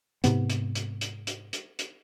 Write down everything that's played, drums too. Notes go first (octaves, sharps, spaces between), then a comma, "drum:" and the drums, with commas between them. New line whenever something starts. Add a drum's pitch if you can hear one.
G#2 C3 B3, drum: hi-hat
drum: hi-hat
drum: hi-hat
drum: hi-hat
drum: hi-hat
drum: hi-hat
drum: hi-hat